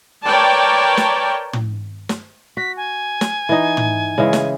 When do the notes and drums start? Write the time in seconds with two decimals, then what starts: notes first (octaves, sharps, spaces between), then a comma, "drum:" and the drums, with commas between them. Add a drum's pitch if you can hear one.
0.25 A#4 B4 C#5 D5 G5 A5
0.97 drum: snare
1.53 drum: tom
2.09 drum: snare
2.57 F#4 B6
2.77 G#5
3.21 drum: snare
3.49 E3 D#4
3.77 drum: tom
4.18 C#3 E3 G#3
4.33 drum: snare